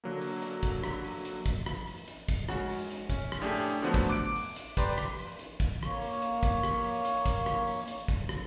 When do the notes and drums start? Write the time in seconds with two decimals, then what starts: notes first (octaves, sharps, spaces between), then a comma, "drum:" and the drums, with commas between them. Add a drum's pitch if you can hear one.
0.04 D3 F#3 A#3
0.21 drum: open hi-hat
0.42 drum: hi-hat
0.63 drum: kick, hi-hat
0.84 drum: rim click
1.04 drum: open hi-hat
1.25 drum: hi-hat
1.46 drum: kick, hi-hat
1.66 drum: rim click
1.87 drum: open hi-hat
2.08 drum: hi-hat
2.29 drum: kick, hi-hat
2.49 G#3 C#4 F#4, drum: rim click
2.70 drum: open hi-hat
2.91 drum: hi-hat
3.10 C#4, drum: kick, hi-hat
3.32 drum: rim click
3.42 A2 D4 G4 G#4
3.53 drum: open hi-hat
3.82 D3 F3 F#3 A3 B3 C5
3.94 drum: kick, hi-hat
4.09 D6 F#6 D7
4.36 drum: open hi-hat
4.56 drum: hi-hat
4.77 G4 B4 D5 A#5 C6 D6, drum: kick, hi-hat
4.98 drum: rim click
5.18 drum: open hi-hat
5.39 drum: hi-hat
5.60 drum: kick, hi-hat
5.83 A#3 C#5, drum: rim click
6.01 drum: open hi-hat
6.22 drum: hi-hat
6.43 drum: kick, hi-hat
6.63 drum: rim click
6.84 drum: open hi-hat
7.05 drum: hi-hat
7.26 drum: kick, hi-hat
7.46 drum: rim click
7.67 drum: open hi-hat
7.88 drum: hi-hat
8.08 drum: kick, hi-hat
8.29 drum: rim click